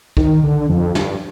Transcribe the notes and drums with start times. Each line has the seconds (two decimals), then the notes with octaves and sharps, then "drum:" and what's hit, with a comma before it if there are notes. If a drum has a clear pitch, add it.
0.17 D#3, drum: kick
0.43 D3
0.69 F2
0.95 G2, drum: snare